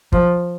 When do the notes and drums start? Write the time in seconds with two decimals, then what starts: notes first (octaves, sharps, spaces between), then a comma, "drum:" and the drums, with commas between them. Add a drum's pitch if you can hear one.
0.12 F3, drum: kick